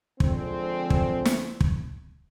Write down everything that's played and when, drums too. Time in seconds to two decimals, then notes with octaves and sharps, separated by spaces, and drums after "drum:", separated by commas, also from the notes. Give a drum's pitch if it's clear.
0.20 D3 F3 G#3 C4, drum: kick
0.90 drum: kick
1.25 drum: snare
1.61 drum: kick